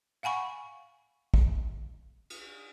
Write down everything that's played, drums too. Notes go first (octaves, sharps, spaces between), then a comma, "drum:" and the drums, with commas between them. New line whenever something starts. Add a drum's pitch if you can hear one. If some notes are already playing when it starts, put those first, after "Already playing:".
F5 F#5 G#5 B5 C#6
drum: kick
drum: cymbal